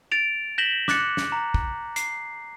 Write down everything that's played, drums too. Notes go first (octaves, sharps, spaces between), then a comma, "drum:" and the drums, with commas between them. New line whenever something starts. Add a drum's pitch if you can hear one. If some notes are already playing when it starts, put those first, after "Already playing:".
A6 D7 F7
G6 A#6 B6 E7 F#7 G7
D6 F#6 A6 C#7, drum: snare
drum: snare
A#5
drum: kick
C7, drum: hi-hat